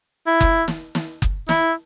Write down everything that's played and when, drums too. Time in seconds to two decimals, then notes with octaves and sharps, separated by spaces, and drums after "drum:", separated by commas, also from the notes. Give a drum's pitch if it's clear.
0.27 E4
0.41 drum: kick F#1
0.68 drum: snare
0.95 drum: snare
1.22 drum: kick F#1
1.49 E4, drum: snare